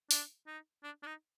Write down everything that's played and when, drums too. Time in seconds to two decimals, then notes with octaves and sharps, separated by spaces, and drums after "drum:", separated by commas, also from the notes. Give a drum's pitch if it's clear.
0.11 D4, drum: open hi-hat
0.47 D#4
0.83 D4
1.03 D4
1.06 D#4